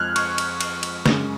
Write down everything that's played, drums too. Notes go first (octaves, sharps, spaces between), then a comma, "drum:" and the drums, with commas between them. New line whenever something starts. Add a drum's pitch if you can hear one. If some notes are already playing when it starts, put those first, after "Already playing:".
Already playing: F2 F3 G#3 F6 F#6 G#6
C#6, drum: cymbal
drum: cymbal
drum: cymbal
drum: cymbal
F#2 C#3 G#3, drum: snare